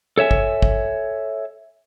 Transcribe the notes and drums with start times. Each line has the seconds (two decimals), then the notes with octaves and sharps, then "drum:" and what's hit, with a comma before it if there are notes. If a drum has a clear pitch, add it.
0.18 A4 C#5 E5 G#5
0.31 drum: kick
0.62 drum: kick